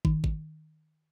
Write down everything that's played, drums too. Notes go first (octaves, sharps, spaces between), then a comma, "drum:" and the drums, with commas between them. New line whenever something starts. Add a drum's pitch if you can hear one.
D#3, drum: kick
drum: kick